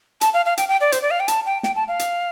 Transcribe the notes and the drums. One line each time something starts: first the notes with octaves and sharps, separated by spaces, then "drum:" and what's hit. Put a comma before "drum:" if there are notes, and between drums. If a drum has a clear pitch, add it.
A5, drum: hi-hat
F5
F5
G5, drum: hi-hat
G5
D5
C5, drum: hi-hat
D5
F5
G5
A5, drum: hi-hat
G5
G5, drum: snare
A5
F5
drum: hi-hat